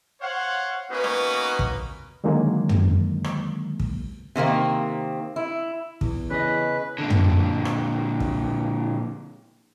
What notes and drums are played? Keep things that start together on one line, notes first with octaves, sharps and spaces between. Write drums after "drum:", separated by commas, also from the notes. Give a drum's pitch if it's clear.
C5 C#5 F5 F#5
A#3 B3 C#4 D#4 F#4 B4
drum: rim click
drum: kick
D3 D#3 F#3 G#3 A#3
drum: tom
drum: rim click
drum: kick
C3 D#3 A#3 C4
E4
E2, drum: kick
C#3 B4 D#5
A#2 D3
drum: tom
drum: rim click
drum: kick